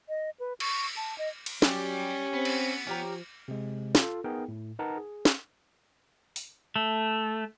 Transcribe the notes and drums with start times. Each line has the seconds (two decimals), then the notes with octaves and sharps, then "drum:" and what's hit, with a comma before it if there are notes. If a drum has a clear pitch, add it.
0.09 D#5
0.40 B4
0.60 C#6, drum: cymbal
0.97 A5
1.18 D#5
1.46 drum: cymbal
1.62 F#3 C#4 G4 D5 G5, drum: snare
2.33 B3 C4
2.45 drum: cymbal
2.87 F3 C#4 G4 A#5
3.48 C3 G#3
3.95 F4 A4, drum: snare
4.24 B3 D#4 G#4 A#4 G5
4.48 A2
4.79 D#4 A#4 B4 F#5 A5 A#5
4.97 G#4
5.25 drum: snare
6.36 drum: open hi-hat
6.76 A3